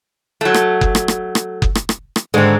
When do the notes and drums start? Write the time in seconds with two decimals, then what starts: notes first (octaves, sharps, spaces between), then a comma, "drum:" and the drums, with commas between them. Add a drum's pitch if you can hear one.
0.41 F#3 A3
0.54 drum: rim click
0.81 drum: kick F#1
0.95 drum: rim click
1.08 drum: rim click
1.35 drum: rim click
1.62 drum: kick F#1
1.75 drum: rim click
1.89 drum: rim click
2.16 drum: rim click
2.34 G#2 D3 D#3 G#3 C4